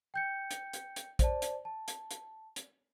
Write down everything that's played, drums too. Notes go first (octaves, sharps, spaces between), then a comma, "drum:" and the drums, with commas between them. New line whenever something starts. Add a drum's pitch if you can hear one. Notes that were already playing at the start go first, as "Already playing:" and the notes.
G5 G6 C#7
drum: hi-hat
drum: hi-hat
drum: hi-hat
C5 D5 A5, drum: kick A#1, hi-hat
drum: hi-hat
A5
drum: hi-hat
drum: hi-hat
drum: hi-hat